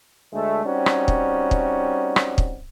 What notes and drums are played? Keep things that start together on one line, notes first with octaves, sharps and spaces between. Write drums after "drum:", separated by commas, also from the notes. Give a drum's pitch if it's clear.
D2 G#3 A3
G3 C4 C#4 D#4 F#4
drum: rim click
drum: kick
drum: kick
drum: rim click
drum: kick